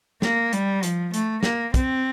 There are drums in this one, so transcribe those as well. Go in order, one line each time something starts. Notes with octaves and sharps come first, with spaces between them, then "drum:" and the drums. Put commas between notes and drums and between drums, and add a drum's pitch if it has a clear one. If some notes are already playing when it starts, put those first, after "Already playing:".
A#3, drum: snare
G3, drum: hi-hat
F3, drum: hi-hat
A3, drum: hi-hat
A#3, drum: snare
C4, drum: kick, hi-hat